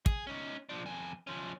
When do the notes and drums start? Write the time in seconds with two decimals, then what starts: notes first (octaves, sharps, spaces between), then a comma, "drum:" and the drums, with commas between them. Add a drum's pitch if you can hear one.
0.06 G#4, drum: kick
0.27 C#4 D#4
0.69 F3 D4
0.86 F2 G#5
1.27 F3 C#4